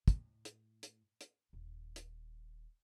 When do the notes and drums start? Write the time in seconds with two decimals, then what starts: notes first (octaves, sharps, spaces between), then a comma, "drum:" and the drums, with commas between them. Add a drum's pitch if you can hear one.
0.08 A2, drum: kick, hi-hat
0.45 drum: hi-hat
0.83 drum: hi-hat
1.21 drum: hi-hat
1.53 D#1
1.96 drum: hi-hat